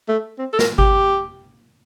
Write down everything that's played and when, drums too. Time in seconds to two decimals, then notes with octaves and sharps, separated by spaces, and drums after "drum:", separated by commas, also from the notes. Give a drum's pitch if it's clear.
0.08 A3
0.38 C4
0.53 A4
0.59 A#4, drum: snare
0.79 G4, drum: kick G#1